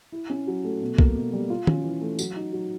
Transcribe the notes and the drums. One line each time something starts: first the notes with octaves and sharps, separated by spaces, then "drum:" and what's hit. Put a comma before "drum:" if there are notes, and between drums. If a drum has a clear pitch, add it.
E4
C#4
F#3
A3
B2
A#3, drum: kick
B2
G3
F4
C#4, drum: tom D#3
E3
A3
F#3, drum: tambourine
D#4
F#3